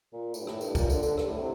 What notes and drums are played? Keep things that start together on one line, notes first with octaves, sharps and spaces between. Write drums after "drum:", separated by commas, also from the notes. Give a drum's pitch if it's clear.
A#2
A2, drum: tambourine
G2
A2, drum: rim click
G2, drum: tambourine
A#2, drum: kick, tambourine
D3, drum: tambourine
D3, drum: tambourine
G2, drum: rim click
A2
C3